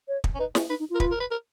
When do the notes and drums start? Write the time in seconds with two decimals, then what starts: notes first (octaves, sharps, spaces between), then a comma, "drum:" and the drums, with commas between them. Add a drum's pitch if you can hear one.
0.08 C#5
0.24 drum: kick
0.35 C#4
0.39 D#4 B4
0.55 C#4, drum: snare
0.69 D#4 B4
0.79 D#4
0.90 F4
0.95 A#4
1.00 B4, drum: kick
1.11 A#4
1.20 B4
1.31 A#4